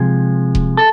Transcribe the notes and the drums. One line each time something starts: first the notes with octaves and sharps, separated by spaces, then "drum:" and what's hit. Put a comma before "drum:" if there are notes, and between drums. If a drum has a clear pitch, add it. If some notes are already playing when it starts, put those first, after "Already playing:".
Already playing: C3 F3 G#3
drum: kick D#1
A4